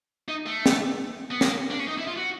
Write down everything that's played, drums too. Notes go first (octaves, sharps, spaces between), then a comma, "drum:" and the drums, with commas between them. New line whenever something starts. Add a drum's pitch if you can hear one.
D#4
A3
drum: snare
B3
A#3, drum: snare
D4
C#4
D#4
E4
F4
F#4